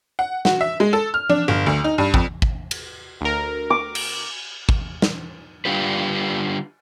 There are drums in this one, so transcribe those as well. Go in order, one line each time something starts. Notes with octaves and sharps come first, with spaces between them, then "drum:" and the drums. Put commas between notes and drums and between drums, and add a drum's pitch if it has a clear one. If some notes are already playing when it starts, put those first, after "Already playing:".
F#5
F#4, drum: snare
E5
G#3
A4
F6
D4, drum: tom F3
G1
D2
D#4
G2
F2, drum: kick
drum: kick
drum: cymbal
D2 A#4
D6
drum: cymbal
drum: kick
drum: snare
D3 G3 D4 F4 G4 B4